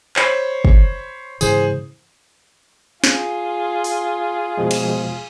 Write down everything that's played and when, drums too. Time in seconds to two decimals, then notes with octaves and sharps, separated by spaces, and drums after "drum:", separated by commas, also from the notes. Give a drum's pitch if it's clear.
0.16 C5 C#5 B5, drum: clap
0.65 drum: kick
1.41 G#2 C#3 E3 G#4 C5, drum: tambourine
3.04 F4 G#4, drum: snare
3.84 drum: open hi-hat
4.58 B2 F3 G#3
4.71 drum: cymbal